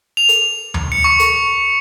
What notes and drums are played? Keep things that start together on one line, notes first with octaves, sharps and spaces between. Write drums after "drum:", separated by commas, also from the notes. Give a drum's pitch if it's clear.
F7
drum: hi-hat
drum: tom D2
C#7
C#6
drum: hi-hat